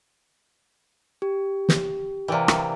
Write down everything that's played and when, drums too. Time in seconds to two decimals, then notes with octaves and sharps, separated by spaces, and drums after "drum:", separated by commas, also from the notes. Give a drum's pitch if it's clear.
1.22 G4
1.69 drum: snare
2.28 C3 E3 A#3 D5 G5
2.48 drum: rim click